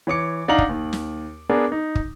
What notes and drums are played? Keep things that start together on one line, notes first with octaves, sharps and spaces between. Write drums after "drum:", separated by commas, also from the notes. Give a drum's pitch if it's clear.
E3 C#5 D6 C#7
D4 D#4 F5 F#5 A#5 F#7
drum: kick
D#2
drum: snare
B3 D4 G#4 A#4
D#4
drum: kick